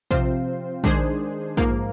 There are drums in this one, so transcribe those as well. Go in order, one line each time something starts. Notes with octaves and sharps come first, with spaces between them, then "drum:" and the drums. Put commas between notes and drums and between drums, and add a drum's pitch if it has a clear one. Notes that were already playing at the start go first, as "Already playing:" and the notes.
C3 F3 C4 F4 C5, drum: kick A#1
D#3 G#3 D4 G#4 C5, drum: kick A#1
G#2 F3 A#3, drum: kick A#1